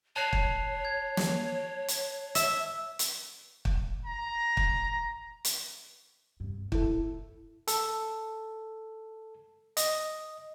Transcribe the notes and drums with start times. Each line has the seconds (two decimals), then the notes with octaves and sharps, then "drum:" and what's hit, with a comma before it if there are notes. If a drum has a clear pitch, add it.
0.16 C#5 A5 F#6 C7
0.33 drum: kick
0.85 G#6
1.17 drum: snare
1.88 drum: hi-hat
2.35 E5, drum: hi-hat
2.99 drum: hi-hat
3.65 drum: kick
4.06 A#5
4.57 drum: kick
5.45 drum: hi-hat
6.40 G2 C3
6.72 G2 A#2 E4 A4, drum: kick
7.68 A4, drum: hi-hat
9.77 D#5, drum: hi-hat